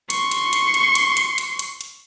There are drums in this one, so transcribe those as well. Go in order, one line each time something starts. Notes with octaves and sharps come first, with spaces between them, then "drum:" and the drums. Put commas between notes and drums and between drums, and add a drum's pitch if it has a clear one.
C6 C#6, drum: hi-hat
drum: hi-hat
drum: hi-hat
drum: hi-hat
drum: hi-hat
drum: hi-hat
drum: hi-hat
drum: hi-hat
drum: hi-hat